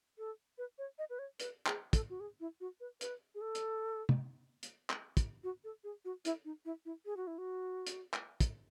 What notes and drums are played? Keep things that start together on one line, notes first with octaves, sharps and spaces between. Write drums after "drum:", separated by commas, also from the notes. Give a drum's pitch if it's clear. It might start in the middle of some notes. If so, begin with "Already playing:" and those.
A4
B4
C#5
D#5
B4
C#5
B4, drum: hi-hat
G#4, drum: clap
A4, drum: kick, hi-hat
F#4
G#4
E4
F#4
B4
B4, drum: hi-hat
G#4
A4
drum: hi-hat
drum: tom
drum: hi-hat
drum: clap
drum: kick, hi-hat
F#4
A4
G#4
F#4
E4, drum: hi-hat
D#4
E4
E4
G#4
F#4
E4
F#4
drum: hi-hat
drum: clap
drum: kick, hi-hat